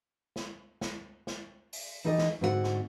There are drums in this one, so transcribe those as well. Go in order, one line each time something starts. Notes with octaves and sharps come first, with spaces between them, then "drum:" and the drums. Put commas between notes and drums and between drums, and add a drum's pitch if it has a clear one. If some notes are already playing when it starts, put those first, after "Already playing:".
drum: snare
drum: snare
drum: snare
drum: open hi-hat
E3 D#4 G4 A4 D#5
drum: snare
G#2 D3 C4 F#4 C5 F#5
drum: snare